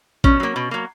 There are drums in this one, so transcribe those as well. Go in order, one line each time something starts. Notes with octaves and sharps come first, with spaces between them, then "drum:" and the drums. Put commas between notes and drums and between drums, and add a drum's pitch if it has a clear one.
B2 C#4, drum: kick
F#3 A#3
B2
F#3 A#3